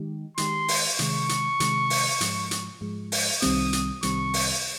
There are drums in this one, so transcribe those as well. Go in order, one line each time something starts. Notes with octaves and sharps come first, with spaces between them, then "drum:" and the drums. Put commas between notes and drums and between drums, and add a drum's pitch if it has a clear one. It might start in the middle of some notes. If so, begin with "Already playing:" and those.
Already playing: D#3 G#3 D#4 G4
D#3 G#3 D#4 G4 C6, drum: hi-hat
drum: open hi-hat
C3 D#3 G#3 C#6, drum: hi-hat
drum: hi-hat
C3 D#3 G#3, drum: hi-hat
drum: open hi-hat
G#2 F3 G#3, drum: hi-hat
drum: hi-hat
G#2 F3 G#3
drum: open hi-hat
C2 C3 D#3 G3 C4 D#6, drum: hi-hat
drum: hi-hat
C2 C3 D#3 G3 C4 C#6, drum: hi-hat
drum: open hi-hat